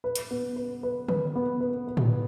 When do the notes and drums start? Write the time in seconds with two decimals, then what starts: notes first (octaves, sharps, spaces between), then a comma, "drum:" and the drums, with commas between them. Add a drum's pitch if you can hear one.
0.04 B4
0.16 drum: hi-hat
0.31 B3
0.56 B4
0.83 B4
1.09 B4, drum: tom D3
1.35 B3
1.61 B4
1.88 B4
1.97 drum: tom A2